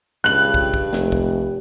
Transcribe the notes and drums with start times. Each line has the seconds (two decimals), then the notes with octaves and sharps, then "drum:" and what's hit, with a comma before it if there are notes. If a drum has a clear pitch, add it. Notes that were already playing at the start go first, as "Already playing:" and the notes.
0.24 C#2 G2 F#6 F#7
0.54 drum: kick
0.74 drum: kick
0.93 F1, drum: snare
1.12 drum: kick